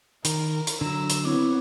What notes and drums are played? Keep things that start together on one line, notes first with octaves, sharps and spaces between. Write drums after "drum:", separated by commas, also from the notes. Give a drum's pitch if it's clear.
D#3 A#4, drum: hi-hat
drum: hi-hat
D3 F#3 A#5 E6
drum: hi-hat
B3 C4 E4 C#5 D6